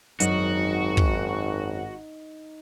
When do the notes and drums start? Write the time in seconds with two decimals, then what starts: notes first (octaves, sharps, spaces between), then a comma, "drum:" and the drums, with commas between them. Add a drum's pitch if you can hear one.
0.20 G#1 F#2 D#4 F#4, drum: hi-hat
0.97 drum: kick